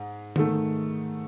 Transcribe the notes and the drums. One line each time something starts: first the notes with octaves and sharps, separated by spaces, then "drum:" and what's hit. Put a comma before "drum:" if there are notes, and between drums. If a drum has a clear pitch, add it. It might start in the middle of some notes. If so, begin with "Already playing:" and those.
Already playing: G#2
G#2 D#3 A3, drum: tom D3